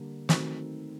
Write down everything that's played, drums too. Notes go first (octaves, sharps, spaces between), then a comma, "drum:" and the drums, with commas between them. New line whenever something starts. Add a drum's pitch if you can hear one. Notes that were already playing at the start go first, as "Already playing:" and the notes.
Already playing: D3 G3 A#3
D#3 F#3 A3 C4, drum: snare